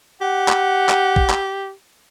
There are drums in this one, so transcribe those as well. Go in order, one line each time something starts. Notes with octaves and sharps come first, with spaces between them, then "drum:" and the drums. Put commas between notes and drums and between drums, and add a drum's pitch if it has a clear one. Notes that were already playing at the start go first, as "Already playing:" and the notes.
G4 F#5
drum: clap
drum: clap
drum: kick
drum: clap